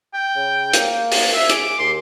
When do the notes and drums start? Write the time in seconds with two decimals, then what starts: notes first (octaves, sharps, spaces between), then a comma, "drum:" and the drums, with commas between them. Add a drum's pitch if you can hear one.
0.14 G5
0.36 C#3
0.73 A#3, drum: hi-hat
1.12 drum: open hi-hat
1.34 E5
1.50 G#4 D6, drum: hi-hat
1.79 D#2 C6